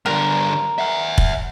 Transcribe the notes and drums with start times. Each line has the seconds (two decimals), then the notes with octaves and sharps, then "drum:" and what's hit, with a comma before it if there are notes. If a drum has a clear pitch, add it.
0.06 G2 D3 A#4
0.78 E5 F#5
1.18 drum: kick